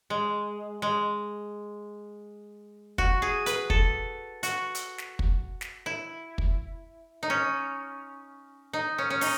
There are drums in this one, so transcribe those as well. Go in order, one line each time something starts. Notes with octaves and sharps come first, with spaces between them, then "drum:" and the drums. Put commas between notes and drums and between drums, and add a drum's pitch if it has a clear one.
G#3
G#3
F#4, drum: kick
G#4
B4, drum: hi-hat
A4, drum: kick
F#4, drum: hi-hat
drum: hi-hat
drum: snare
drum: kick
drum: snare
E4
drum: kick
D#4
C#4
D#4
C#4
C#4
D#4, drum: open hi-hat